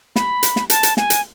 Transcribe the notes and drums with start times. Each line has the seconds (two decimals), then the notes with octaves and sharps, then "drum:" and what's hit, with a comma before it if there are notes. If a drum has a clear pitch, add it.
0.16 B5, drum: snare
0.43 drum: hi-hat
0.56 drum: snare
0.70 A5, drum: hi-hat
0.83 drum: hi-hat
0.97 G#5, drum: snare
1.10 drum: hi-hat